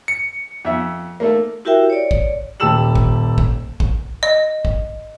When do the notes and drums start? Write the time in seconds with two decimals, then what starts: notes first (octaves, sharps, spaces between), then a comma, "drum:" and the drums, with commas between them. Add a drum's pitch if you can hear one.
0.08 C#7
0.65 F2 E5
1.20 A3 A#3
1.65 E4 F#4 G4 A#4 E5 G5
1.90 C#5 D5
2.11 drum: kick
2.60 D#1 G4 A5 E6 E7 F#7
2.95 drum: kick
3.38 drum: kick
3.80 drum: kick
4.23 D#5
4.65 drum: kick